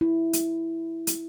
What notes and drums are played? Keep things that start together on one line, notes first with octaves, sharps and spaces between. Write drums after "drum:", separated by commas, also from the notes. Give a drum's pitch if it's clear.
E4
drum: hi-hat
drum: hi-hat